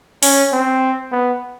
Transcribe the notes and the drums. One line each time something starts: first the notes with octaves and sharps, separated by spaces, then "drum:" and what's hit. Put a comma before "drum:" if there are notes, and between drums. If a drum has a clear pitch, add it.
C#4, drum: open hi-hat
C4
B3